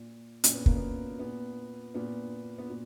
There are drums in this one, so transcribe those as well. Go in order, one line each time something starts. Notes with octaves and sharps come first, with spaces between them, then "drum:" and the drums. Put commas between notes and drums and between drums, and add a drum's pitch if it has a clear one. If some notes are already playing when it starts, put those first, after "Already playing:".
Already playing: A#2
A#2 C#4, drum: hi-hat
B3
A#3, drum: kick
B3
A#2 B3
A#2 B3
B3
A#2